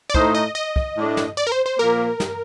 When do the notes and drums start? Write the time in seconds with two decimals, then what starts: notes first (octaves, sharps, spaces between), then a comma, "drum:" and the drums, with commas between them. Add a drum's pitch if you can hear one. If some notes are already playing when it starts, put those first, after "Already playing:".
0.10 D5
0.14 A2 A3 D#4 C5, drum: kick
0.35 D#5
0.55 D#5
0.76 drum: kick
0.97 A2 A3 D4
1.17 drum: snare
1.37 D5
1.47 A#4
1.52 C5
1.66 C5
1.79 A#2 F3 A#3 A#4
2.20 drum: snare